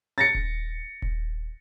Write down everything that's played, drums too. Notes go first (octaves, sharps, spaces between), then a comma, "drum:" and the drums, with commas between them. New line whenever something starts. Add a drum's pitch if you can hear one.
A6 A#6 C#7
drum: kick D#1
drum: kick D#1